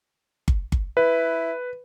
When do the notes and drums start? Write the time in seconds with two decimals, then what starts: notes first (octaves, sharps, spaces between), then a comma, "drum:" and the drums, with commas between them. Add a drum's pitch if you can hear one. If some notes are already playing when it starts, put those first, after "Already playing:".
0.48 drum: kick G1
0.72 drum: kick G1
0.97 E4 B4